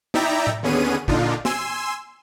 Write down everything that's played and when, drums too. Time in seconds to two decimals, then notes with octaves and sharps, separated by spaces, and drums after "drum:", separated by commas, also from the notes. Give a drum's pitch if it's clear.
0.14 D#4 E4 D5 E5 G5 A#5, drum: snare
0.47 drum: tom A2
0.63 D#2 D3 B3 C#4 G#4 D#7
1.08 A#2 D3 D4 D#4 F4, drum: kick
1.45 G#5 C6 E6, drum: snare